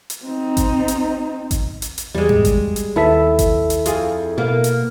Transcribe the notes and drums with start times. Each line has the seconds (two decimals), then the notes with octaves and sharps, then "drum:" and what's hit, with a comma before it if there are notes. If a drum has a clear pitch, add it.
0.10 drum: hi-hat
0.25 C4 D#4
0.57 drum: kick G#1, hi-hat
0.88 drum: hi-hat
1.51 drum: kick G#1, hi-hat
1.82 drum: hi-hat
1.98 drum: hi-hat
2.15 E2 G3 G#3
2.29 drum: tom G#2
2.45 drum: kick G#1, hi-hat
2.76 drum: hi-hat
2.96 D#2 B3 E4 A4 E5
3.39 drum: kick G#1, hi-hat
3.70 drum: hi-hat
3.86 F2 F4 G#4, drum: hi-hat
4.38 B2 A#3 B3
4.64 drum: hi-hat